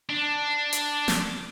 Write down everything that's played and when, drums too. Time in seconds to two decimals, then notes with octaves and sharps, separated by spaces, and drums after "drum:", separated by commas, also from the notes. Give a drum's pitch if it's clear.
0.09 D4
0.73 drum: hi-hat
1.08 drum: snare